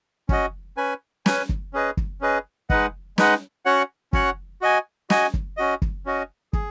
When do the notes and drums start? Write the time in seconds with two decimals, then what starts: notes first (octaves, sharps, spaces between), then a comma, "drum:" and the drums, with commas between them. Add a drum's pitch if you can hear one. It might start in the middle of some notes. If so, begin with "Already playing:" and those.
0.29 C#4 F#4 D#5, drum: kick
0.77 C#4 B4 G#5
1.26 C#4 B4 G#5, drum: snare
1.49 drum: kick
1.73 C#4 G#4 B4 D#5
1.97 drum: kick
2.21 C#4 G#4 B4 D#5
2.70 G#3 D#4 B4 D#5 F#5, drum: kick
3.18 G#3 D#4 B4 D#5 F#5, drum: snare
3.65 C#4 F#4 C#5 F#5
4.13 C#4 F#4 C#5 F#5, drum: kick
4.61 F#4 D#5 G#5
5.10 F#4 D#5 G#5, drum: snare
5.34 drum: kick
5.57 C#4 F#4 D#5
5.82 drum: kick
6.06 C#4 F#4 D#5
6.53 G#4, drum: kick